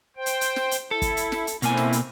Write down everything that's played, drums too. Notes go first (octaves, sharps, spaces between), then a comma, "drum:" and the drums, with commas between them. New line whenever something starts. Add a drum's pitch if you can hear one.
C5 G5
drum: hi-hat
drum: hi-hat
drum: snare
drum: hi-hat
E4 A4
drum: kick, hi-hat
drum: hi-hat
drum: snare
drum: hi-hat
B2 A3 A#3 C4 E4 G#5, drum: hi-hat
drum: snare
drum: hi-hat